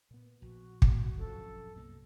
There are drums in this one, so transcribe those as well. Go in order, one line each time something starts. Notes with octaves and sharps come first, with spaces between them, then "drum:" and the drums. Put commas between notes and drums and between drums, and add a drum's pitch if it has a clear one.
A#2 B3
A#1 F#4
A#1 F#2 A#2 G#3 A#3 C4, drum: kick
F3 C#4 A4
C2 F#2 B2 A#3